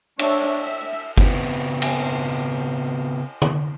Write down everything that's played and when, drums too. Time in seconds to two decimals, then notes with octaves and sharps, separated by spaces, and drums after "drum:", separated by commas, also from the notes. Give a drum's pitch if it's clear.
0.19 D4 C#5 E5, drum: cymbal
0.60 E5
1.18 C#3 B3 C4, drum: kick G1
1.82 drum: cymbal
3.42 drum: tom